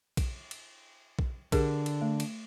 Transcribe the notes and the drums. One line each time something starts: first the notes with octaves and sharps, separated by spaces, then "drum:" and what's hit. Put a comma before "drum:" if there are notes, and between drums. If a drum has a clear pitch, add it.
drum: kick, cymbal
drum: cymbal
drum: kick
D3 G4 G#4 A#4, drum: kick, cymbal
drum: cymbal
A3
drum: cymbal